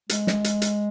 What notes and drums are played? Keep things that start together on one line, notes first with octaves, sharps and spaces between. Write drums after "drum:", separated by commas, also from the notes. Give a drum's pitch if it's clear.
G#3, drum: hi-hat
drum: snare
drum: hi-hat
drum: hi-hat